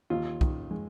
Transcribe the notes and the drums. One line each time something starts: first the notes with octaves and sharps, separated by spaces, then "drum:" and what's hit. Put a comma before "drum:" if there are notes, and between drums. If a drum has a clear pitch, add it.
D#2 F4
D#3, drum: kick
G#3